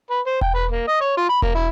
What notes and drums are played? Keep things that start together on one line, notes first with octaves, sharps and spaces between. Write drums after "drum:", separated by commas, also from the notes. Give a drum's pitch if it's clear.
B4
C5
G5, drum: kick E1
B4
A#3
D#5
C#5
F4
B5
A#3, drum: kick E1
E4